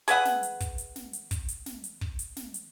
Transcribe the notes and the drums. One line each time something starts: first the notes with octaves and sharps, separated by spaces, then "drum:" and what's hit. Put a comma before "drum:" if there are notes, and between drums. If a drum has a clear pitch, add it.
G#4 B4 E5 F#5, drum: hi-hat
drum: snare
drum: hi-hat
drum: kick, hi-hat
drum: hi-hat
drum: snare
drum: hi-hat
drum: kick, hi-hat
drum: hi-hat
drum: snare
drum: hi-hat
drum: kick
drum: hi-hat
drum: snare
drum: hi-hat